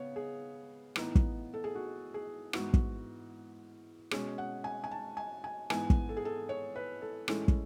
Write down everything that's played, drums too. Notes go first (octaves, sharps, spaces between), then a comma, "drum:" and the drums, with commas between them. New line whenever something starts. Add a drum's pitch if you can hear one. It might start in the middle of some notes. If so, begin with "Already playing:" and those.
Already playing: C#3 B3 C#5
G#4
A2 E3 B3 D#4, drum: rim click
drum: kick
A4
G#4
F#4
G#4
G#2 E3 B3 E4 F#4, drum: rim click
drum: kick
B2 G#3 C#4 G#4, drum: rim click
F#5
G#5
G#5
A5
G#5
G#5
G#2 E3 B3 G#5, drum: rim click
drum: kick
A4
G#4
A4
C#5
B4
A4
A2 E3 G#3 C#4 E4 A4, drum: rim click
drum: kick